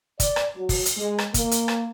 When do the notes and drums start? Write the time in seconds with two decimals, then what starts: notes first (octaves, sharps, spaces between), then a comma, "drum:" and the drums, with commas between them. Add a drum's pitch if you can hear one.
0.20 D5, drum: kick, hi-hat
0.36 drum: rim click
0.56 F#3
0.69 drum: kick, open hi-hat
0.86 drum: hi-hat
0.97 G#3
1.18 drum: rim click
1.34 A#3, drum: kick, hi-hat
1.51 drum: hi-hat
1.68 drum: rim click